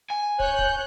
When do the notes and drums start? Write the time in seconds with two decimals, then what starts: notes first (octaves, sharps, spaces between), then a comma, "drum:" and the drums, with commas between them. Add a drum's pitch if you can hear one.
0.10 G#5
0.40 C#5 F#6 G6, drum: kick
0.59 drum: kick